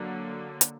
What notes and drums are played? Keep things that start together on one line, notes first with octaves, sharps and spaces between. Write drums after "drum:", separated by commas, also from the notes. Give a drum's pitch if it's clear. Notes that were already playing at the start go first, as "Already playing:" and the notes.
Already playing: D3 F#3 A#3
drum: hi-hat